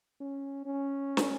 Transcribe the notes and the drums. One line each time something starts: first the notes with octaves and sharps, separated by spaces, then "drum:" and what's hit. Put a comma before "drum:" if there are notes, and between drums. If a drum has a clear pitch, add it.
C#4
C#4
drum: snare